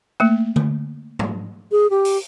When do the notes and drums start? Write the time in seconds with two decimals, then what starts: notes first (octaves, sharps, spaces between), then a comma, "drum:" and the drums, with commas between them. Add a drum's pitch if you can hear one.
0.20 A3 A#3
0.56 drum: tom D3
1.19 drum: tom
1.72 G#4
1.90 G4
2.05 drum: open hi-hat